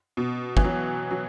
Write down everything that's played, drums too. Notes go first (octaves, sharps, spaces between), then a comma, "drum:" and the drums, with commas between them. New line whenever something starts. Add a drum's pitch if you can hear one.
B2
E3, drum: kick
F#3
F#3